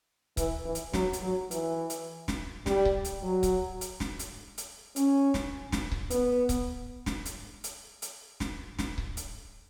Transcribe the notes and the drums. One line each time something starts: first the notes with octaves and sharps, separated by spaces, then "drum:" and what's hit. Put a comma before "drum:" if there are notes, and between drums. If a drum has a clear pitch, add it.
E3, drum: kick C#1, hi-hat
E3
drum: hi-hat
F#3, drum: snare
drum: hi-hat
F#3
E3, drum: hi-hat
drum: hi-hat
drum: snare
G3, drum: snare
drum: kick C#1
drum: hi-hat
F#3
drum: kick C#1, hi-hat
drum: hi-hat
drum: snare
drum: hi-hat
drum: hi-hat
C#4, drum: hi-hat
drum: snare
drum: snare
drum: kick C#1
B3, drum: hi-hat
drum: kick C#1, hi-hat
drum: snare
drum: hi-hat
drum: hi-hat
drum: hi-hat
drum: snare
drum: snare
drum: kick C#1
drum: hi-hat